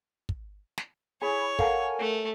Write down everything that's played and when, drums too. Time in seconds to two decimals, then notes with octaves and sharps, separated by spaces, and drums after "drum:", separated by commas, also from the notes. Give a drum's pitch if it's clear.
0.29 drum: kick
0.78 drum: snare
1.22 E4 G#4 C#5 G#5 B5
1.59 A4 A#4 F5 F#5 G#5, drum: kick
1.99 A3